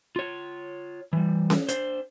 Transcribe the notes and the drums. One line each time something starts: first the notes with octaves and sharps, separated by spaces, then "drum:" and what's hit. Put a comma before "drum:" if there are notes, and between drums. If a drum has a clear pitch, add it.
F4 C#5
E3 G3
drum: snare C#4
D4 C5, drum: hi-hat